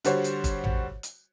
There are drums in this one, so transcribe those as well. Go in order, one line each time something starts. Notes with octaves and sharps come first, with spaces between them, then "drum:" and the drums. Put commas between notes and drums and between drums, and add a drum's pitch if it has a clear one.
D3 G3 F#4 C5 C#5, drum: hi-hat
drum: hi-hat
drum: kick G1, hi-hat
drum: tom A1
drum: hi-hat